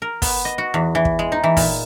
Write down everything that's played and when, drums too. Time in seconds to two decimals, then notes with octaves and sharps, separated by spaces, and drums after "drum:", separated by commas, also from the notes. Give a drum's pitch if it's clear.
0.02 A#4
0.22 B3, drum: kick, open hi-hat
0.45 D#5
0.58 F#4
0.74 E2
0.95 E3
1.05 drum: kick
1.19 G#3
1.32 D#4
1.44 E3
1.57 A#2, drum: kick, open hi-hat